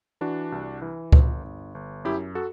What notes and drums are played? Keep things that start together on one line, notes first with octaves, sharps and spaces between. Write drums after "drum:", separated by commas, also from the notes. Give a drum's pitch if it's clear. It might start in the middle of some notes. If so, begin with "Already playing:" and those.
E3 D4 F#4
C2
E3
G1, drum: kick C#2
G1
G1
F#2 E4 G4
F#4 A4